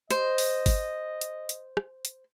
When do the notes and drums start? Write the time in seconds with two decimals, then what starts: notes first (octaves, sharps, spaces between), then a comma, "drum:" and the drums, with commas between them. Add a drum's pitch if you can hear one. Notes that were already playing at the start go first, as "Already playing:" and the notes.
0.10 C5 D#5, drum: hi-hat
0.38 drum: open hi-hat
0.66 drum: kick G1, open hi-hat
1.21 drum: hi-hat
1.49 drum: hi-hat
1.77 drum: rim click
2.05 drum: hi-hat